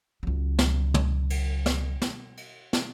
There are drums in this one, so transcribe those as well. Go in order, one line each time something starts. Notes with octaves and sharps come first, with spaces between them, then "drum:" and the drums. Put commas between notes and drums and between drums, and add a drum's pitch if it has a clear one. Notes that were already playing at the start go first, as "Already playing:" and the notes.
C#2 F#3
drum: snare
drum: tom
drum: cymbal
drum: snare
drum: snare
drum: cymbal
drum: snare